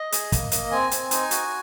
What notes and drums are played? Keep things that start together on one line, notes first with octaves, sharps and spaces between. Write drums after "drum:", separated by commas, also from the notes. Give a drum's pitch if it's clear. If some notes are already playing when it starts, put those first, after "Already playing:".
Already playing: D#5
G#4, drum: hi-hat
A#3, drum: kick, hi-hat
A#3, drum: hi-hat
C4 G#5
C4, drum: hi-hat
D#4, drum: hi-hat
F#4, drum: hi-hat